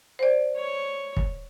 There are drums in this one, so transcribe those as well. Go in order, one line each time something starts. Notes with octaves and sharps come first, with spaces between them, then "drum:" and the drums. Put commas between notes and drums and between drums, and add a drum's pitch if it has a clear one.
C5 D5
C#5
drum: kick